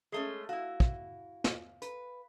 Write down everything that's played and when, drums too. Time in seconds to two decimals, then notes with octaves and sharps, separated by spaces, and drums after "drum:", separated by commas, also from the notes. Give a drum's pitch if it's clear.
0.12 G#3 A3 C#4 G#4 C7 G7
0.49 E4 F#4 F5
0.80 drum: kick
1.44 drum: snare
1.82 B4, drum: hi-hat